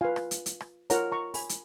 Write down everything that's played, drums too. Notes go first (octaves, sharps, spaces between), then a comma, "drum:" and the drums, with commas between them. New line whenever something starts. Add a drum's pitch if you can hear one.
F4 B4 F5 G#5
drum: rim click
drum: hi-hat
drum: hi-hat
drum: rim click
F4 A#4 C#5 F#5 A#5, drum: hi-hat
A#5 C#6
G#5 B5, drum: open hi-hat
drum: hi-hat